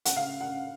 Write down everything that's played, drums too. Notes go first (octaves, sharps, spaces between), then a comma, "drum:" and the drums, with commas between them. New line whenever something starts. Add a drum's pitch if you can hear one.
F#5, drum: hi-hat
C#3 F5
C#3 F#5